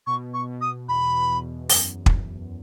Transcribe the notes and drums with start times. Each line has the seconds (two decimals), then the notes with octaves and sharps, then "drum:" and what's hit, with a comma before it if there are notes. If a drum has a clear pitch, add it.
0.06 B2 C#6
0.33 C#6
0.47 B2
0.61 D#6
0.87 E2 B5
1.29 E2
1.69 F#2, drum: open hi-hat
2.06 drum: kick